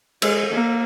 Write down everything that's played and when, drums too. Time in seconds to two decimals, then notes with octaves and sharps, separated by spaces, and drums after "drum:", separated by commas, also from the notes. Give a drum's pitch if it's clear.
0.22 G#3, drum: cymbal
0.52 A#3